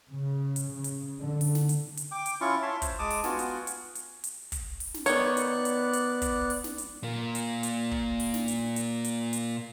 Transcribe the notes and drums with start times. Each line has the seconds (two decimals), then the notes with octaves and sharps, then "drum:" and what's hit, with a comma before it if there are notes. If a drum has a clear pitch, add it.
0.14 C#3
0.56 drum: hi-hat
0.74 C#3
0.84 drum: hi-hat
1.19 D3
1.41 drum: open hi-hat
1.55 drum: snare
1.69 drum: hi-hat
1.97 drum: hi-hat
2.11 G5 D6
2.26 drum: hi-hat
2.41 C#4 E4 F4 C#6
2.62 C#5 E5 A5 C6
2.82 C5, drum: kick, hi-hat
2.99 G#3 A5 D6 D#6
3.10 drum: open hi-hat
3.24 B3 F4 F#4 G#5, drum: snare
3.39 drum: hi-hat
3.67 drum: hi-hat
3.95 drum: hi-hat
4.24 drum: hi-hat
4.52 drum: kick, hi-hat
4.80 drum: open hi-hat
4.94 drum: snare
5.06 D#3 B3 C#5 D5 F#6, drum: hi-hat
5.37 drum: hi-hat
5.65 drum: hi-hat
5.93 drum: hi-hat
6.22 drum: kick, hi-hat
6.50 drum: open hi-hat
6.64 drum: snare
6.78 drum: hi-hat
7.03 A#2 A#3
7.35 drum: hi-hat
7.63 drum: hi-hat
7.91 drum: kick
8.20 drum: open hi-hat
8.34 drum: snare
8.48 drum: hi-hat
8.76 drum: hi-hat
9.04 drum: hi-hat
9.33 drum: hi-hat